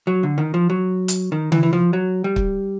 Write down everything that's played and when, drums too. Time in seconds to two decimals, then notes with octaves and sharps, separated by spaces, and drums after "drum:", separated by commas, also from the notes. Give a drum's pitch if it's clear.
0.07 F#3
0.23 D3
0.38 D#3
0.54 F3
0.70 F#3
1.08 drum: hi-hat
1.32 D#3
1.52 E3, drum: tom C#3
1.63 E3
1.73 F3
1.93 F#3
2.24 G3
2.36 drum: kick